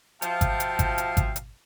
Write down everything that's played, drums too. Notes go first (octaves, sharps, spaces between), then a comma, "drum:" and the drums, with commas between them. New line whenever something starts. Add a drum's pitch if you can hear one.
F3 F#4 E5 F5 G5 A5, drum: hi-hat
drum: kick G#1, hi-hat
drum: hi-hat
drum: kick G#1, hi-hat
drum: hi-hat
drum: kick G#1, hi-hat
drum: hi-hat